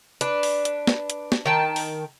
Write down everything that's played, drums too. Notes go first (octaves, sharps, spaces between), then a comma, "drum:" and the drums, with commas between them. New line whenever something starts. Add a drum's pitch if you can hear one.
D4 B4, drum: hi-hat
drum: open hi-hat
drum: hi-hat
drum: snare
drum: hi-hat
drum: snare
D#3 G5 A5
drum: open hi-hat